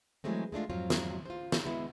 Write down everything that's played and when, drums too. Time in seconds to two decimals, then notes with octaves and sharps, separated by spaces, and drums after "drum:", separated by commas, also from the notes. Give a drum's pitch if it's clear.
0.24 E3 F#3 G#3 A3 C4
0.52 G#3 A3 D4 F4
0.70 F2 G#2 F#3 C4 F4
0.90 drum: snare
1.25 F4 C5
1.52 drum: snare
1.65 G#3 B3 E4